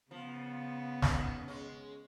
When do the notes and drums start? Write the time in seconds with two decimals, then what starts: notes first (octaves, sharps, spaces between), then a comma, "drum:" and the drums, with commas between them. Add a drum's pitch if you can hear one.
0.11 C#3 F3 B3
1.02 D#3 C#4, drum: snare
1.48 G#3 C#4